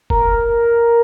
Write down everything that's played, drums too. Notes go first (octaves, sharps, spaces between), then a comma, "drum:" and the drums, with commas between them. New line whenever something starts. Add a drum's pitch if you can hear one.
A#4, drum: kick F#1